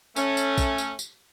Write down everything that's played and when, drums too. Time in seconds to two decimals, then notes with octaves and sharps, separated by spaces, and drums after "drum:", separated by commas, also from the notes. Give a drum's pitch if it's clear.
0.16 A3 C#4, drum: tambourine
0.37 drum: tambourine
0.58 drum: kick, tambourine
0.78 drum: tambourine
0.99 drum: tambourine